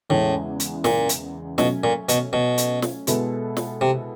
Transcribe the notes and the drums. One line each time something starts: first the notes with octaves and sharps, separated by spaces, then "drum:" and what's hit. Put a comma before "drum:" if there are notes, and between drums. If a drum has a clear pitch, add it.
E2 A2 C#3 E3 G#3
drum: hi-hat
A#2, drum: snare
drum: hi-hat
B2 F#3 A3 C#4, drum: snare
A#2
B2, drum: hi-hat
B2
drum: hi-hat
drum: snare
B2 G#3 B3 E4 A4, drum: hi-hat
drum: snare
C3